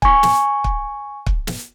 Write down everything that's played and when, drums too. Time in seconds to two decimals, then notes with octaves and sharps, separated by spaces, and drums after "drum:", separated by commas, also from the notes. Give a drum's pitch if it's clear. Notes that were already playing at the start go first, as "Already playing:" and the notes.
0.02 G#5 C#6, drum: kick
0.23 drum: snare
0.64 drum: kick
1.26 drum: kick
1.47 drum: snare